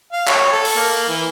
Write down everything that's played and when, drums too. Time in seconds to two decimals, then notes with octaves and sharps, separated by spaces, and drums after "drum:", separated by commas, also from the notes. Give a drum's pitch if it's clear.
0.12 F5
0.28 C#5, drum: clap
0.53 A4
0.65 drum: open hi-hat
0.76 A#3
1.09 E3